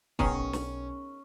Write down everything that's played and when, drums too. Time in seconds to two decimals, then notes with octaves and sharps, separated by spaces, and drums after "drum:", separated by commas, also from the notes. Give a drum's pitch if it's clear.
0.19 B1 D#3 B3 C#4 G#4 A#4, drum: kick
0.53 drum: snare